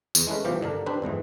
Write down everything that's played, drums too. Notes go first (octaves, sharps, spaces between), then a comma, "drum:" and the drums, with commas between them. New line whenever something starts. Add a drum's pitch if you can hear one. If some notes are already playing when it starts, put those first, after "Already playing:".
E2, drum: tambourine
G#3 A3 C#4 B4
B1 E3 F3 F4 G4 C5
G2 D3 D4 A#4
C4 D4 G4 B4 C5
G1 F2 G#2 E3